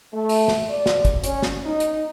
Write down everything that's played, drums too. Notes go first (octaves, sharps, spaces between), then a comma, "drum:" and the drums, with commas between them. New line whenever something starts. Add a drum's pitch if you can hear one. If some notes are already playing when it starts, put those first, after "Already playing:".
A3
drum: open hi-hat
drum: snare
D5
drum: snare
drum: kick, hi-hat
C#4, drum: hi-hat
drum: snare
D#4
drum: hi-hat